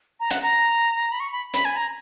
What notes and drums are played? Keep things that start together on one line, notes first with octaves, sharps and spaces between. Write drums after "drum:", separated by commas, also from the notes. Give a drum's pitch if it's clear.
A#5
F#5, drum: hi-hat
A#5
B5
C#6
B5
B5, drum: hi-hat
G#5
A#5